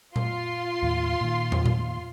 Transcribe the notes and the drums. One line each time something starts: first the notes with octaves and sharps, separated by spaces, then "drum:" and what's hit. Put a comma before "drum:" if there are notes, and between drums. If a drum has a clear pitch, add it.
F4 C6, drum: tom A#2
D#2 A2
A#2 D#3
drum: tom
drum: tom A#2